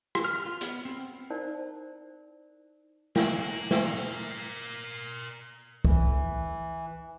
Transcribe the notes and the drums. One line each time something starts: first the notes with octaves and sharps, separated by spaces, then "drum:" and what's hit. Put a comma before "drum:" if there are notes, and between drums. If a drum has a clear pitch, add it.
drum: rim click
F6
F4
B3, drum: hi-hat
C4
D#4 E4 A#4 C5 D5 A5
A#4 D5, drum: snare
drum: snare
E3, drum: kick C2